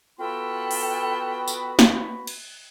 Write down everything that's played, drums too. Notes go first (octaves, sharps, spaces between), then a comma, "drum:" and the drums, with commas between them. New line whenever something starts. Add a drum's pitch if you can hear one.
B3 F4 F#4 A4 G5 B5
drum: open hi-hat
drum: tambourine
drum: snare
drum: cymbal